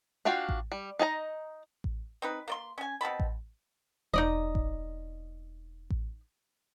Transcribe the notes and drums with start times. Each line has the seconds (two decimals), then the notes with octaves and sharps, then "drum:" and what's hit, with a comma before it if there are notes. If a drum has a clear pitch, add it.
0.25 D4 F4 F#4 F5 G5
0.49 drum: kick A1
0.72 G3
0.99 D#4 D#5 G#5 A#5
1.84 drum: kick A1
2.22 C4 D#4 B4
2.48 A#3 D5 C6
2.78 C#4 G#5
3.01 B2 C4 A5 B5
3.20 drum: kick A1
4.14 E1 D#4 D5 D#5
4.55 drum: kick A1
5.90 drum: kick A1